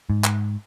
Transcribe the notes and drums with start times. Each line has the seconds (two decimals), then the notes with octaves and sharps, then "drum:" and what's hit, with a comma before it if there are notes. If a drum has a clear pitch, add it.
0.10 G#2
0.24 drum: clap